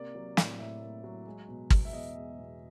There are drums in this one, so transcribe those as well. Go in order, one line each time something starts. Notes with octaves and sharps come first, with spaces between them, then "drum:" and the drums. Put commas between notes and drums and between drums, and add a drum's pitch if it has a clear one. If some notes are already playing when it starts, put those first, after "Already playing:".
Already playing: C3 A#3 D5
F#3
A2, drum: snare
A2 E5
A#3
F#3
G#3
B2
E2, drum: kick G#1
E5
E2 D#5
G#3
B2